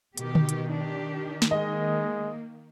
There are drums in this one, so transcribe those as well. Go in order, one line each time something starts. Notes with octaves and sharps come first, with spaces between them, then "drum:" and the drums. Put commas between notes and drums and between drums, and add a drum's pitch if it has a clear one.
B2 D#3 G4, drum: hi-hat
drum: tom D3
drum: hi-hat
D4 G4
drum: snare
G#3 A#3 D#5